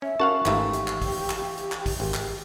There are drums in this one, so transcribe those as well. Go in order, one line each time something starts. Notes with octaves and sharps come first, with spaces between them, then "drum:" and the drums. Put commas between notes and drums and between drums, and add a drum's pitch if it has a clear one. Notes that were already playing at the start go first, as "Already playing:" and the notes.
C#4 E5
C#4 F#4 A#4 F5 F#5 A5 C#6
G#1 G#2 E3 A3 G4 E5 F5, drum: clap
drum: hi-hat
drum: clap
drum: kick, open hi-hat
drum: clap
drum: hi-hat
drum: clap
drum: kick, open hi-hat
G#1
drum: clap